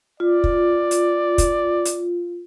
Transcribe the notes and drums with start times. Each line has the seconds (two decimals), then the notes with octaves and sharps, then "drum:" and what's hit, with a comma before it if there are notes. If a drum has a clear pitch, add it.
0.20 F4 D5
0.44 drum: kick
0.91 drum: hi-hat
1.38 drum: kick, hi-hat
1.85 drum: hi-hat